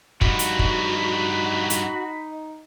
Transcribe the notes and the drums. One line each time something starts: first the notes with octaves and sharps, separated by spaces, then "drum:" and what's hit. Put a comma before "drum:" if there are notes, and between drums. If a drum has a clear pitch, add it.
G2 F3 D#4 F#4 B5, drum: kick
drum: hi-hat
drum: kick
drum: hi-hat